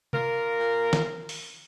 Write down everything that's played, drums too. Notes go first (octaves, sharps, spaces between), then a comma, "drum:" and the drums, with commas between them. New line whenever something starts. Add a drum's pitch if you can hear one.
A#3 F4 A#4, drum: tom C3
A#2
drum: snare
drum: open hi-hat